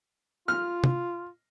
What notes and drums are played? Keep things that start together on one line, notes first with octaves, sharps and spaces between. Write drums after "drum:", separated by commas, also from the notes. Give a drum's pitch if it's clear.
F4 F6
drum: tom